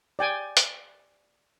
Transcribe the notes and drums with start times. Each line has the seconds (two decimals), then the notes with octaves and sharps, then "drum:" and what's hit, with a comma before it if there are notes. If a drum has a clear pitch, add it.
0.19 D5 G5 G#5
0.57 drum: hi-hat